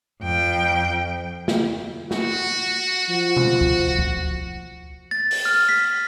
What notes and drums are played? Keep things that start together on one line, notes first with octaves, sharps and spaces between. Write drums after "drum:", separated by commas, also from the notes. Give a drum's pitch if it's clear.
F2 G5
drum: snare
F#4, drum: snare
F3
drum: tom B2
drum: kick
drum: kick
A6
drum: open hi-hat
F6
B6